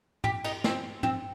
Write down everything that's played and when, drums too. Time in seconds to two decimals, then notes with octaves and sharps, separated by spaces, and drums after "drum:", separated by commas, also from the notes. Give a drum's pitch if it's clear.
0.24 G4, drum: tom
0.44 D#4, drum: cymbal
0.64 C4, drum: snare
1.03 C4, drum: tom